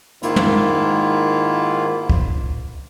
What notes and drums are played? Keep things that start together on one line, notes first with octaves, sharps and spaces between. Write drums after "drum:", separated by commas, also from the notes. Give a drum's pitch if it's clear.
G#2 D#3 A#3 E4 F4, drum: hi-hat
drum: tom
drum: kick